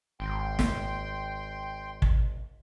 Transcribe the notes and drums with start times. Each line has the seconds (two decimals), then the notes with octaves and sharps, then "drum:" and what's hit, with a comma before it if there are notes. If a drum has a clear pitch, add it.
0.20 G#1 G5 C6
0.59 drum: snare
2.02 drum: kick